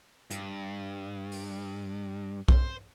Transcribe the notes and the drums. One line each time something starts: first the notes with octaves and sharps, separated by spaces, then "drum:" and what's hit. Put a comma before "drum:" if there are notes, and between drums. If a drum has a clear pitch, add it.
G2, drum: hi-hat
drum: open hi-hat
C5, drum: kick